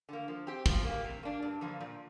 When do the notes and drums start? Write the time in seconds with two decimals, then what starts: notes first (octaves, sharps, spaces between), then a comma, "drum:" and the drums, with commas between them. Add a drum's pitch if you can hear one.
0.09 D3 A#3
0.28 F3
0.47 C4 G4
0.66 F3, drum: kick
0.85 A#3 G4
1.04 C3
1.23 A#3 D4
1.42 G2
1.61 D3 F3 A#3
1.80 A#2